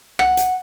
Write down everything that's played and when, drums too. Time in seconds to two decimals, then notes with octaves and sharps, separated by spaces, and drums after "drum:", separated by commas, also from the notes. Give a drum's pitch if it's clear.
0.19 F#5, drum: rim click
0.37 drum: hi-hat